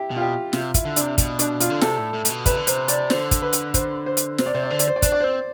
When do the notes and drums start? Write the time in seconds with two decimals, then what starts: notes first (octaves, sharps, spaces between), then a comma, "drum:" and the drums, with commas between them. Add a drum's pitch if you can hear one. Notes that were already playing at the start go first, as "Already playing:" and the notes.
Already playing: E4 G4
0.11 B2
0.16 F4
0.21 G4
0.53 C3 F4, drum: snare
0.74 E4, drum: kick, hi-hat
0.85 D3
0.96 C3 D4, drum: hi-hat
1.18 B2, drum: kick, hi-hat
1.39 D4, drum: hi-hat
1.60 F4, drum: hi-hat
1.70 D3
1.81 C3 A4, drum: snare
1.98 A2
2.14 A2
2.25 A2, drum: hi-hat
2.30 B2
2.46 C3 B4, drum: kick, hi-hat
2.57 D3
2.67 C3 C5, drum: hi-hat
2.88 D5, drum: hi-hat
3.10 D3 C5, drum: snare
3.31 drum: kick, hi-hat
3.42 B4
3.53 drum: hi-hat
3.74 C5, drum: kick, hi-hat
4.06 C5
4.17 drum: hi-hat
4.38 C3 C5, drum: snare
4.46 D5
4.55 C3 C5
4.63 D5
4.70 D3 C5
4.79 D5, drum: hi-hat
4.88 C5
4.96 D5
5.02 D4 C5, drum: kick, hi-hat
5.12 D5
5.20 C4 C5